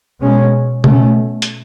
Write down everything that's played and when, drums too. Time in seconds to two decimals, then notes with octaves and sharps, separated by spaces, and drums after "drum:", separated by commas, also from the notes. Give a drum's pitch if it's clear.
0.20 B2 G#3 C#4
0.84 B2 A3 C#4, drum: tom
1.42 drum: hi-hat